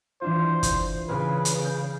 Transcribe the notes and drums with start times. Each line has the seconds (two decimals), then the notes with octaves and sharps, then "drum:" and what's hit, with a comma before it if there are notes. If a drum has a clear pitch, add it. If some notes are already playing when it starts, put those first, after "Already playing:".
0.22 E3 D4 F4 C5
0.63 drum: kick, hi-hat
1.08 C#3 G#4 B4 F6
1.45 drum: hi-hat
1.61 G6 D7